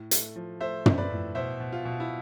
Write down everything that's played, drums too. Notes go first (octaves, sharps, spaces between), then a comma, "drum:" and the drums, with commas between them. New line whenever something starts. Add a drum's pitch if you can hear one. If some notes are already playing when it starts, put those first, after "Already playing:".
Already playing: A2
A3, drum: hi-hat
F3
A3 C5 E5
F3, drum: tom
B4 D5
A2
B2 C5 E5
B2
F4
B2
E4